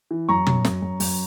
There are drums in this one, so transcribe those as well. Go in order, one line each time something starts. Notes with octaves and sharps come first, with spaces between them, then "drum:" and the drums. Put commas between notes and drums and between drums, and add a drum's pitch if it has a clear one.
E3
F#2 A#5 C#6
F#2, drum: tom
F#2, drum: snare
F#2
F#2, drum: open hi-hat